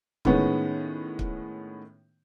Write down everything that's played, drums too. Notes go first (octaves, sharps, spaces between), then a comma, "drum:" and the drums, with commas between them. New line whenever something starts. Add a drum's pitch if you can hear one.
A2 D#3 G#3 B3 C#4, drum: kick
drum: kick